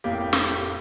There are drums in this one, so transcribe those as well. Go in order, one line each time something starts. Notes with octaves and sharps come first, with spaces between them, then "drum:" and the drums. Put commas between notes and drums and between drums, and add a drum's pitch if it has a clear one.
F1 A2 A#3 G4
drum: snare